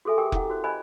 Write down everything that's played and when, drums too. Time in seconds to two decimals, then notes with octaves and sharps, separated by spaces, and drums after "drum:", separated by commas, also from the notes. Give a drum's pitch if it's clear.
0.05 F#4 G#4 A4 E5 G#5
0.18 G4 A#4 G5 G#5 D6
0.32 C#4 E4 F#5, drum: kick F1
0.50 F#4 C5
0.64 C5 D5 D#5 G#5 B5